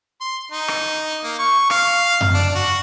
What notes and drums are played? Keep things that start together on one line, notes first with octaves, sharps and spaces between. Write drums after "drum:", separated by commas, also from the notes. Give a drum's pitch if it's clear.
C6
D#4
drum: rim click
A#3
C#6
F5, drum: rim click
drum: tom F#2
D4
F#4